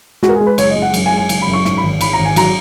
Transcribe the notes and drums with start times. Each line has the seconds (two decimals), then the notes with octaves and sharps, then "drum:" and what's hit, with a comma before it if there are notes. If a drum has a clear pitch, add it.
0.23 G#3 F#4, drum: snare
0.29 A#4
0.35 G#4
0.40 G#3
0.46 B4
0.58 F#1 C#5, drum: cymbal
0.70 D#5
0.76 G#3
0.82 F#5
0.94 F#2, drum: cymbal
1.06 G#5
1.12 G#3
1.17 G#5
1.29 F#1 G#5, drum: cymbal
1.41 B5
1.47 F#2
1.53 C#6
1.65 G#2 C#6, drum: snare
1.77 B5
1.83 G#1
2.01 G#1 B5, drum: cymbal
2.13 A#5
2.19 G#1
2.25 G#5
2.36 F#3 A#5, drum: cymbal